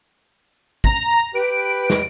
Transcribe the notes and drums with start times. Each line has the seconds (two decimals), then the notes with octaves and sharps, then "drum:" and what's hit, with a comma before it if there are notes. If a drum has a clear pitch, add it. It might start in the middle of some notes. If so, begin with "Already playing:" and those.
0.84 A#5, drum: kick
1.35 G4 B4 D7
1.90 drum: snare